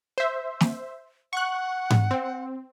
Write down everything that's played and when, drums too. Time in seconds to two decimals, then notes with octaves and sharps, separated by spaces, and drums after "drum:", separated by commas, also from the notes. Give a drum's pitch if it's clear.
0.18 C5 E5
0.61 drum: snare
1.33 F#5 C#6 F#6
1.90 drum: tom G#2
2.11 C4